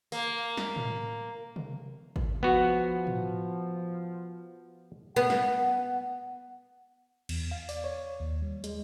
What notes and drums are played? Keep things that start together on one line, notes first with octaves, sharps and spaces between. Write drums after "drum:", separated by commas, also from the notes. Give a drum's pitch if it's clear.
A#3, drum: open hi-hat
drum: snare
drum: tom A2
drum: tom C3
drum: kick G#1
F3 B3 F#4
drum: tom A2
B3 F#5
drum: snare
E2, drum: cymbal
F5
D5, drum: open hi-hat
C#5
D#2
G3
G#3, drum: hi-hat